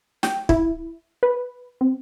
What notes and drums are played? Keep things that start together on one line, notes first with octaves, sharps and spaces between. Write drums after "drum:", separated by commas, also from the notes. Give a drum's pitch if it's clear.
G5, drum: snare
E4, drum: kick
B4
C4